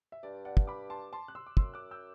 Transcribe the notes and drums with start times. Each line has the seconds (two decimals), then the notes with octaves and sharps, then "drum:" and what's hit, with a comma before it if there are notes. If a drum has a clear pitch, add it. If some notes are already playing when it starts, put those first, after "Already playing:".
0.12 E5
0.23 G2 D5
0.45 D5 F#5
0.57 drum: kick
0.67 B5 D6
0.90 A5 C6
1.13 A5 C6
1.28 F#6
1.35 C6 E6
1.47 D6
1.57 F#2 C6 E6, drum: kick
1.74 D6 F#6
1.91 E6 G6